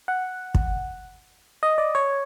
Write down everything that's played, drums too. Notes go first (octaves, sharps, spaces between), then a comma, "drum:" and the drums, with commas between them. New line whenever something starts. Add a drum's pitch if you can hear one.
F#5
drum: kick
D#5
D5
C#5